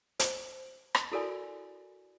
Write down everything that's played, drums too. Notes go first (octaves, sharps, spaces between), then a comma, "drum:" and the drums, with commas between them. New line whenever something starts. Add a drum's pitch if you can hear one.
C5, drum: hi-hat
drum: rim click
E4 F#4 A4 A#4 D5 G#5